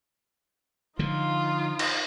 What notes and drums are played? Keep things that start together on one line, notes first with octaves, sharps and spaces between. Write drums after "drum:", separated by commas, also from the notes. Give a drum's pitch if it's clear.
D3 F3 D#4 F4 F5
drum: cymbal